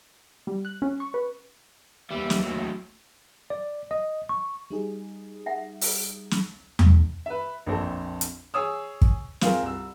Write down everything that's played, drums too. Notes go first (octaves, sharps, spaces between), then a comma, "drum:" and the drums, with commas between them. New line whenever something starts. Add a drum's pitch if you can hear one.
G3
F#6
C#4
C#6
B4
D#2 E3 G3 E5
drum: snare
A2 F#3
D5
D#5
C#6
G3 D#4 G#4
E5 F#5
drum: open hi-hat
drum: snare
drum: tom E2
B4 E5
A#1 F2 C4 A4
drum: hi-hat
G#4 C#5 D#6 E6
drum: kick
C4 F4 G#4 A#4, drum: snare
C2 E6